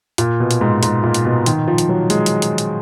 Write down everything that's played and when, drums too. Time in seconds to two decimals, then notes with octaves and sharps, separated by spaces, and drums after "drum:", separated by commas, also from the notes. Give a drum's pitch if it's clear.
0.18 A#2, drum: hi-hat
0.40 B2
0.51 drum: hi-hat
0.61 G#2
0.83 G#2, drum: hi-hat
1.03 A#2
1.14 drum: hi-hat
1.25 B2
1.46 D#3, drum: hi-hat
1.68 F3
1.78 drum: hi-hat
1.89 F#3
2.10 G#3, drum: hi-hat
2.26 drum: hi-hat
2.42 drum: hi-hat
2.58 drum: hi-hat